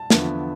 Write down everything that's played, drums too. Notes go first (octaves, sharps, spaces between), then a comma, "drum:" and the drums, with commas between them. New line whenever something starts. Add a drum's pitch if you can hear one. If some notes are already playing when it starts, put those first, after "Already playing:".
Already playing: A5
E2 D3 F3 B3 E4, drum: snare